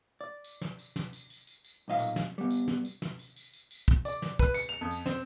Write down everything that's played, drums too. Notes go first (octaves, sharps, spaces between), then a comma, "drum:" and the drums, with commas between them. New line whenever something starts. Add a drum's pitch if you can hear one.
D5
drum: tambourine
drum: snare
drum: tambourine
drum: snare
drum: tambourine
drum: tambourine
drum: tambourine
drum: tambourine
B1 A#2 D#5 F5
drum: tambourine
drum: snare
G3 B3
drum: tambourine
drum: snare
drum: tambourine
drum: snare
drum: tambourine
drum: tambourine
drum: tambourine
drum: tambourine
drum: kick
D5, drum: tambourine
drum: snare
B4, drum: kick
C#7, drum: tambourine
F7
F2
drum: tambourine
C4, drum: snare